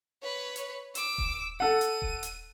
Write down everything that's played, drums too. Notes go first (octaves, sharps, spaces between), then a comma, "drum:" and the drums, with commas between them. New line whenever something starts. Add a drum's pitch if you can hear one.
B4 C#5
drum: hi-hat
D6 E6, drum: hi-hat
drum: kick D#1
A4 F#5 D#7
drum: hi-hat
drum: kick D#1
drum: hi-hat